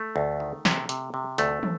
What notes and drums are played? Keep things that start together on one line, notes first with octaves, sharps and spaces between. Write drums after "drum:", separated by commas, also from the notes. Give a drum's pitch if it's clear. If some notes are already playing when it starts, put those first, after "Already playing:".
Already playing: A3
D2
D#3
C3, drum: snare
C3, drum: hi-hat
C3
D2 A3, drum: hi-hat
drum: tom